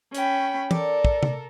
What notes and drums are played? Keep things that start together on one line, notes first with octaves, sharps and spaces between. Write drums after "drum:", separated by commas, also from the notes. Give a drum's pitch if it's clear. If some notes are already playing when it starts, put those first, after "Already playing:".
C#4 G5 B5, drum: hi-hat
A4 A#4 D5, drum: tom
drum: kick
drum: tom